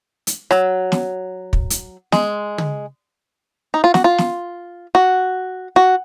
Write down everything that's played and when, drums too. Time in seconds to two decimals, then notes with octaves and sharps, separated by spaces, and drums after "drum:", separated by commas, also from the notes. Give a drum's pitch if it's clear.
0.27 drum: hi-hat
0.51 F#3, drum: rim click
0.92 drum: snare
1.53 drum: kick
1.70 drum: hi-hat
2.12 G#3, drum: snare
2.58 drum: tom
3.74 D#4
3.84 F4
3.94 F#4, drum: snare
4.04 F4
4.18 drum: snare
4.95 F#4
5.76 F#4